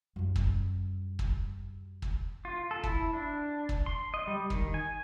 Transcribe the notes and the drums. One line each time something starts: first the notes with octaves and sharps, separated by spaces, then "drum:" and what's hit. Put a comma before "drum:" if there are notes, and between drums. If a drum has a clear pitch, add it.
F#2 G3
drum: kick
drum: kick
drum: kick
F4
A4
E4, drum: kick
D4
drum: kick
C6
D#5
G3
D#3, drum: kick
G#5